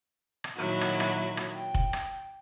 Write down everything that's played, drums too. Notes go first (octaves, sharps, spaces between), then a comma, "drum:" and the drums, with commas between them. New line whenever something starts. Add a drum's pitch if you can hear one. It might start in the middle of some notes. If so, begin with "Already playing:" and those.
drum: rim click
A#2 D#3 F#3 E4 F#4
drum: rim click
drum: rim click
drum: rim click
G5
drum: kick F1
drum: rim click